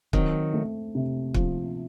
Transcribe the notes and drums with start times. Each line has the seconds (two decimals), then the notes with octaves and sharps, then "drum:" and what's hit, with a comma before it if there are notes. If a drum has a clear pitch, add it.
0.13 D#3 F#3 C4, drum: kick
0.54 A3
0.95 C3
1.34 F3, drum: kick